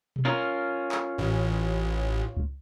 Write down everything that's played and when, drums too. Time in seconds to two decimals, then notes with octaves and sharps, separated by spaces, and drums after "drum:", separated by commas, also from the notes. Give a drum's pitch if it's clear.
0.16 drum: tom B2
0.25 C#4 F4 A#4
0.92 drum: clap
1.18 A1
2.37 drum: kick C#2